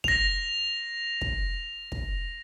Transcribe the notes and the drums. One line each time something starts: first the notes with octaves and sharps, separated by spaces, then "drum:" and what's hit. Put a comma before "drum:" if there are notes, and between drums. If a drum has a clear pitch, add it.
A#6 F7, drum: kick
drum: kick
drum: kick